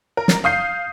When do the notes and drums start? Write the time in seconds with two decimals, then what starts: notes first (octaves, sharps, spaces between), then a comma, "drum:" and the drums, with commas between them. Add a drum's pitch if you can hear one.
0.17 A#4
0.28 drum: snare
0.44 F5 D#6 G6 C7